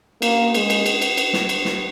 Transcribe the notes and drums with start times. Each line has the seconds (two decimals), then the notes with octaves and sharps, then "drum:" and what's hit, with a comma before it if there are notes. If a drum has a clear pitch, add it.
0.22 A#3, drum: cymbal
0.54 G#3, drum: cymbal
0.70 drum: cymbal
0.86 drum: cymbal
1.02 drum: cymbal
1.17 drum: cymbal
1.33 drum: snare
1.49 drum: cymbal
1.65 drum: snare